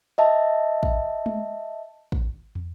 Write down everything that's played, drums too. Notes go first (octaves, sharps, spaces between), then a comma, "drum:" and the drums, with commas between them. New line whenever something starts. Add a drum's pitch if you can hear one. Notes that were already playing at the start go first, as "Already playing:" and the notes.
D#5 E5 A5
drum: kick
drum: tom G#3
drum: kick
drum: tom